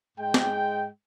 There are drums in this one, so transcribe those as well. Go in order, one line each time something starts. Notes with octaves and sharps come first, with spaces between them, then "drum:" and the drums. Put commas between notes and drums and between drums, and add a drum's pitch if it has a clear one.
G#2 G#3 G5
drum: snare